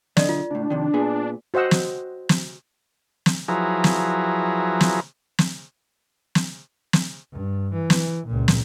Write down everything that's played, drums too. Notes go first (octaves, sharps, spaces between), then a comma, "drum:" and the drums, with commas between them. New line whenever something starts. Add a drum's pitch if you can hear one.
B1 D3 D5 D#5, drum: snare
F4
C#2 A2 D4
F2 C3 D#3
A#2 B3 G#4
F#4 C5 D#5 F#5 E6
drum: snare
drum: snare
drum: snare
F3 F#3 E4 G#4 B4 A#5
drum: snare
drum: snare
drum: snare
drum: snare
drum: snare
G2
E3
drum: snare
C#2 A#2
drum: snare